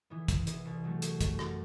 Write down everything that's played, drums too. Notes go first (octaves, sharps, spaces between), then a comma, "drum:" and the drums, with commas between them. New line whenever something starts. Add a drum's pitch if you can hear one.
E3 B3
C3, drum: kick, hi-hat
E3 B3, drum: hi-hat
C2
C3 F#3 A3
C2, drum: hi-hat
C3 F#3 A3, drum: kick, hi-hat
F#2, drum: rim click